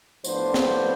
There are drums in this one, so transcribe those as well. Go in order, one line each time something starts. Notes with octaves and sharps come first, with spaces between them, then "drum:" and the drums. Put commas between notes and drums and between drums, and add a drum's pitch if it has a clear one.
A2 F3 B3 D4 C5, drum: tambourine
drum: snare